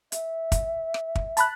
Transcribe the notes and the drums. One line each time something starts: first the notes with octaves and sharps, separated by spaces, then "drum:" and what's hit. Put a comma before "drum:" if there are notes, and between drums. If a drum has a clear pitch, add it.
E5, drum: hi-hat
drum: kick, hi-hat
drum: rim click
drum: kick
A5 B5 F#6, drum: hi-hat